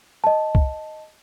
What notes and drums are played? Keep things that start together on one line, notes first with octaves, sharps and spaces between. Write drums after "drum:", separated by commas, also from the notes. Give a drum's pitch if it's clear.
D#5 A5
drum: kick C2